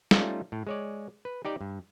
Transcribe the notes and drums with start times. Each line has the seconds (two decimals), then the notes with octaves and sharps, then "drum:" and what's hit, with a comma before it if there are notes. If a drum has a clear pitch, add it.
0.11 G3 A3 C#4 D#4 F4, drum: snare
0.52 A2
0.67 G#3 C#5 D5
1.25 B4
1.45 D#4 G4 D5 G5
1.61 G2